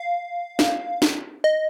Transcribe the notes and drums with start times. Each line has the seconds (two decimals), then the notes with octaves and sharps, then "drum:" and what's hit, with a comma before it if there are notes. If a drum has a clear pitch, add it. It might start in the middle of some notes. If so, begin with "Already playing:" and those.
Already playing: F5
0.59 drum: snare
1.02 drum: snare
1.44 D#5